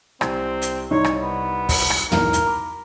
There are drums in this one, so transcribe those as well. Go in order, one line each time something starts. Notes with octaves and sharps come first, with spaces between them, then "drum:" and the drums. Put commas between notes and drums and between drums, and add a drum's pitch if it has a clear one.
C2 C3 C4, drum: rim click
drum: hi-hat
C2 D#4 C#5
drum: rim click
B3
drum: kick, open hi-hat
drum: rim click
B1 G#2 E3 A#4, drum: tom
drum: hi-hat
A#5 B5 D6